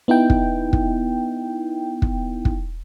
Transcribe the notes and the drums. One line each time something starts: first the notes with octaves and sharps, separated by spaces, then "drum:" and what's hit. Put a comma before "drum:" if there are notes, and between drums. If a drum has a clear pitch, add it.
B3 D#4 E4 G5
drum: kick
drum: kick
drum: kick
drum: kick